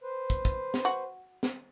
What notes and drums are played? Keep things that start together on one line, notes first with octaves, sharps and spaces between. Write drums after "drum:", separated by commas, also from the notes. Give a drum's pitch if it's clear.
B4 C5
drum: kick
drum: kick
drum: snare
F#4
drum: snare